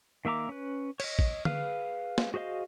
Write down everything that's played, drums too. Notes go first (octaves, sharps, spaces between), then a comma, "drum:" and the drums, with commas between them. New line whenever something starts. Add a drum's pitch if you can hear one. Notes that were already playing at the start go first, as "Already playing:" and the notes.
D#3 A#3 E5 A#5 D6
C#4 B4
C#5 D#5, drum: cymbal
drum: kick
G#4 B4 F5 F6, drum: tom D3
drum: snare
F#4 G#4 C5 D#5 F5